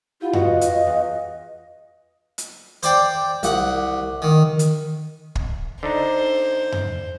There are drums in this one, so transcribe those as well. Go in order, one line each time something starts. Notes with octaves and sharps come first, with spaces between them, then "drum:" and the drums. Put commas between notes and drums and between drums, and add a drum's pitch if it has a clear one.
E4 F4 G4 F5 F#5
F#4 B4 D#5 F5 F#5, drum: tom F2
D#5, drum: hi-hat
E2
drum: hi-hat
C5 D5 G5, drum: hi-hat
C2 F#5, drum: hi-hat
D#3
drum: hi-hat
drum: kick
D3 D4 D#4 C5
drum: tom F2